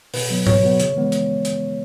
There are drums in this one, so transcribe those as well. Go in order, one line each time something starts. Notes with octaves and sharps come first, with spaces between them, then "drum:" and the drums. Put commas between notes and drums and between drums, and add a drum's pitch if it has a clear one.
B2 B4, drum: open hi-hat
F#3 B3
B2 C#5, drum: tom G#2
F#3 B3
C#3, drum: hi-hat
E3 G#3 B3
drum: hi-hat
drum: hi-hat